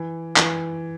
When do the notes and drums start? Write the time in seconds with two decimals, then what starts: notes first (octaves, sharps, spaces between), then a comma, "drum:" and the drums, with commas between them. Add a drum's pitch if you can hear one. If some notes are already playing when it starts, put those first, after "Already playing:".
Already playing: E3
0.36 E3, drum: clap